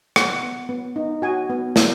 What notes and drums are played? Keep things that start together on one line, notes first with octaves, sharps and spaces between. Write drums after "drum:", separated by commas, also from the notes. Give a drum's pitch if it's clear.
B3 F#5, drum: rim click
B3
B3
D#4
F#4 G#5
B3
B3, drum: snare